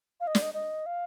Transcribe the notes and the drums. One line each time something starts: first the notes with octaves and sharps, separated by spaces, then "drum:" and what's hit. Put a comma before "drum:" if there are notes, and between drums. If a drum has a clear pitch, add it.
F5
D#5
D5, drum: snare
D#5
D#5
F5